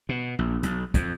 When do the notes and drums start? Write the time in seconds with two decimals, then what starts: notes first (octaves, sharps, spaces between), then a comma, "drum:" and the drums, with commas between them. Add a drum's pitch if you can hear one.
0.09 B2
0.39 A#1
0.63 B1, drum: hi-hat
0.94 F2, drum: kick, hi-hat